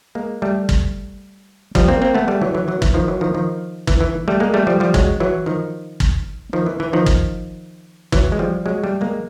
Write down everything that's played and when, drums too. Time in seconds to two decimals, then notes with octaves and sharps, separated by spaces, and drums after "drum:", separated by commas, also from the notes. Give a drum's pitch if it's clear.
0.15 G#3 A#3
0.42 G3 A3
0.69 drum: kick
1.75 F3 G3, drum: kick
1.88 A#3 C4
2.02 A#3 C4
2.15 A3 B3
2.28 G3 A3
2.41 E3 F#3
2.54 E3 F#3
2.68 E3 F#3
2.82 E3, drum: kick
2.94 D#3 F3
3.08 E3 F#3
3.21 D#3 F3
3.34 D#3 F3
3.87 E3, drum: kick
4.01 E3
4.28 G3 A3
4.40 G#3 A#3
4.54 G3 A3
4.67 F3 G3
4.80 F3 G3
4.94 F#3 G#3, drum: kick
5.20 E3 F#3
5.46 D#3 F3
6.00 drum: kick
6.53 D#3 F3
6.66 E3
6.80 E3
6.93 D#3 F3
7.06 drum: kick
8.12 E3 F#3, drum: kick
8.32 G#3
8.39 F3 G3
8.66 F#3 G#3
8.84 G3 A3
9.01 G#3 A#3